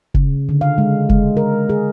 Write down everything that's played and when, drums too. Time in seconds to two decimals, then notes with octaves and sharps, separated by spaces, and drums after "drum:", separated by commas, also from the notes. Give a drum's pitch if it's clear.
0.14 C#3, drum: kick F1
0.49 D3
0.61 F5
0.78 G#3
1.09 G#3, drum: kick F1
1.37 A#4
1.69 G#4